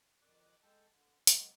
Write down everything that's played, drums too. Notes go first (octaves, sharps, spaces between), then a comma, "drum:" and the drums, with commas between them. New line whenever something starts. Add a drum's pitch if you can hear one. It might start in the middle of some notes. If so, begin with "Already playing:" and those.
F2 D#3 D5 D6 F#6
G#3 A4 G5 A5
D3
G#2 F#3 G#3 A#3 C4 D5, drum: hi-hat